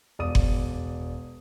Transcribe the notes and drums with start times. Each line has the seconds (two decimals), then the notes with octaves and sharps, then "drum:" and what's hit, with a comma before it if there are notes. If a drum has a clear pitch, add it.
0.19 E1 D5 D#6 D#7
0.35 drum: kick F#1